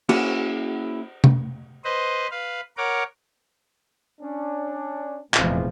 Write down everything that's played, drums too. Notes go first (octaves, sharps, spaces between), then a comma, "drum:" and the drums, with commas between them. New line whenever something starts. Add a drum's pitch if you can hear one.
A#3 C#4 E4 F#4 G#4, drum: cymbal
drum: tom C3
B4 C5 D#5
B4 F5
A#4 C#5 F#5 D6
C#4 D4
F1 E2 A#2 E3 F3 G#3, drum: clap